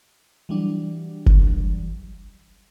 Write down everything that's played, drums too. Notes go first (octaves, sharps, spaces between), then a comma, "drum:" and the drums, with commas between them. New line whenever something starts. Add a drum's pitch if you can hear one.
E3 F#3 G3 D4
drum: kick F#1